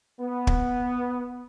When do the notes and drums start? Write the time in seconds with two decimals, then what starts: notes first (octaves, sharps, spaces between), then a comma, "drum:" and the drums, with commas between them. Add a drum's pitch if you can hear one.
0.19 B3
0.47 drum: kick